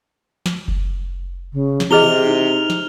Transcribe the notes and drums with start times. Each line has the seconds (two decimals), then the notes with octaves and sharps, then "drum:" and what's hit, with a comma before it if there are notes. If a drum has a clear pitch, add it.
0.46 drum: snare
0.68 drum: kick F#1
1.53 C#3
1.80 drum: snare
1.91 C3 E3 E4 G#4 D#5 F6 F7 G7
2.25 D#4
2.70 drum: snare